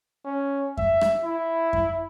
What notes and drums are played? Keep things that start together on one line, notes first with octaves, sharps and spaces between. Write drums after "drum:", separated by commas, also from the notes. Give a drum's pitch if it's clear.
C#4
E5, drum: kick F#2
drum: rim click
E4
drum: kick F#2